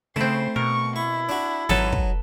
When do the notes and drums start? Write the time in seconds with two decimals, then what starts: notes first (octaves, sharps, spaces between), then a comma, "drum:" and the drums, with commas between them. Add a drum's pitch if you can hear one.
0.16 C#3 A3 C4 E4 C5
0.56 B2 A#4 C#6
0.96 E4 C#6
1.29 D4 F#4
1.69 G#1 F#3 D#4 A4 B4, drum: snare
1.93 drum: kick